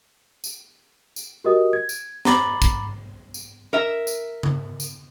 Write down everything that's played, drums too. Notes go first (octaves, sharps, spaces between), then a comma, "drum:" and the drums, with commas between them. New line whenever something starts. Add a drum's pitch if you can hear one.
drum: tambourine
drum: tambourine
F#4 G4 A#4 D#5 D#6
G#6
drum: tambourine
A#5 B5 D6 A6 F#7, drum: snare
drum: kick, tambourine
drum: tambourine
A#4 E5
drum: tambourine
drum: tom C#3
drum: tambourine